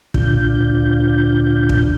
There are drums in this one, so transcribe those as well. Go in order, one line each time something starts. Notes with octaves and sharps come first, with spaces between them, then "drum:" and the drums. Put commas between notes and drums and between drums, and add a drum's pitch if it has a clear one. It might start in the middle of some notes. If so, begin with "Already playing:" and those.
D2 A#2 D3 D4 F4 G6, drum: kick
drum: kick